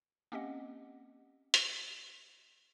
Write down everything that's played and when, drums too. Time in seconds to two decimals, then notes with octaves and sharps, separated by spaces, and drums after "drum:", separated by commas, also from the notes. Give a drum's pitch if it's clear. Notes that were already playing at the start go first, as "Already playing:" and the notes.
0.32 A#3 C4 C#4 G4 D#5 F#5
1.54 drum: hi-hat